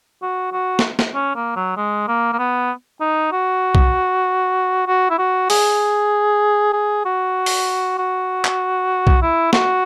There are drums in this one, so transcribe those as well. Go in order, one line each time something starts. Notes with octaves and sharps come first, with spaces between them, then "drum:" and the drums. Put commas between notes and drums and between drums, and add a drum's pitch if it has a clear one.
F#4
F#4
drum: snare
drum: snare
C#4
A#3
F#3
G#3
A#3
A#3
B3
D#4
F#4
drum: kick B1
F#4
E4
F#4
G#4, drum: open hi-hat
G#4
F#4
drum: open hi-hat
F#4
drum: clap
drum: kick B1
E4
F#4, drum: snare